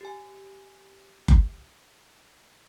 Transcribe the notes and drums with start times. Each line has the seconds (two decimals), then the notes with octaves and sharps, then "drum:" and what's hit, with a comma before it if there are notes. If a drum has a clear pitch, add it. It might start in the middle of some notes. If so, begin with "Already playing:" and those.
0.01 G4 G#5
1.28 drum: kick F#1